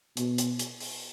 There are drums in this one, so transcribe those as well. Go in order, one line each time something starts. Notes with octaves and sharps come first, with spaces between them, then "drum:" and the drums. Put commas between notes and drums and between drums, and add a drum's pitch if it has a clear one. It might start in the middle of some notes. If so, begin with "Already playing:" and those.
B2, drum: hi-hat
drum: hi-hat
drum: hi-hat
drum: open hi-hat